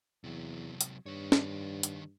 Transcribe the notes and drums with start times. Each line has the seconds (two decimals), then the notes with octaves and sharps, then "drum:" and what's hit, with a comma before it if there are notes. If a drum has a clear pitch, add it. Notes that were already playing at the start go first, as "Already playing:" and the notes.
0.24 E2 C3 F#3
0.81 drum: hi-hat
1.06 G2 D#3 C#5
1.32 drum: snare
1.83 drum: hi-hat